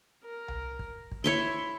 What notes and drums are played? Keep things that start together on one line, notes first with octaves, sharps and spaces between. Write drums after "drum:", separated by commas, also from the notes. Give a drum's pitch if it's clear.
A#4
drum: tom C2
drum: kick
drum: kick
E4 C#5 E5 C6